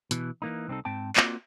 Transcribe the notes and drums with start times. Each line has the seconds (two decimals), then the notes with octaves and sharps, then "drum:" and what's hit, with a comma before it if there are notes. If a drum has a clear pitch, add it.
0.11 B2 E3, drum: hi-hat
0.42 E3 A#3 D#4
0.68 C2 C4 D4 D#4 A4
0.85 G#2 C4 G5 A5
1.16 A#3 C4 F4 F#4 D5, drum: clap